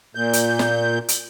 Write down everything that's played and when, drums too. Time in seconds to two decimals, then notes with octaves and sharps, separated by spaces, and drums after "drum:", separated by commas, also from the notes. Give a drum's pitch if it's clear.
0.15 A#2 G6
0.33 drum: hi-hat
0.59 drum: snare
1.08 drum: hi-hat